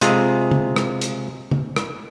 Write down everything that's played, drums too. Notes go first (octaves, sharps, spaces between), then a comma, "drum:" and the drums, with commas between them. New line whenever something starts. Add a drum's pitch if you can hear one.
C3 G#3 F4 G#4, drum: hi-hat
drum: tom C#3
drum: rim click
drum: hi-hat
drum: tom C#3
drum: rim click